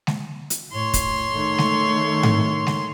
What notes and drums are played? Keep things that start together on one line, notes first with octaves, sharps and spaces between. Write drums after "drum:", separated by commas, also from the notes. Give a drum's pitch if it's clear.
drum: snare G#3
drum: hi-hat
A2 C#5 C6
drum: kick, hi-hat
D#3 A3
drum: snare G#3
drum: tom G#2
drum: snare G#3